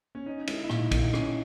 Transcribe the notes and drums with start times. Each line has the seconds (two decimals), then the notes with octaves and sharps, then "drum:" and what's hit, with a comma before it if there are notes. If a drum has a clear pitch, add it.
0.15 C#4
0.26 C#4 D#4
0.47 G#3 E4, drum: cymbal
0.63 E4
0.69 A#2 D#4, drum: rim click
0.91 A#2 D#4, drum: kick, cymbal
1.13 C#4 E4, drum: rim click